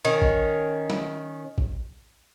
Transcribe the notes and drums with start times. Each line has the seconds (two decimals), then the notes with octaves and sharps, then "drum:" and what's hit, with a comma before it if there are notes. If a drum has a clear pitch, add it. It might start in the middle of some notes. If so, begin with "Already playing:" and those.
0.05 D#3 C#4
0.22 drum: kick A1
0.90 drum: snare
1.58 drum: kick A1